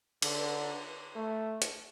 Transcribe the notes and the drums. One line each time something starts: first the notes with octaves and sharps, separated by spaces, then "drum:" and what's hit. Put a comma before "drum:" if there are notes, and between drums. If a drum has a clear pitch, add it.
D3, drum: cymbal
A3
drum: hi-hat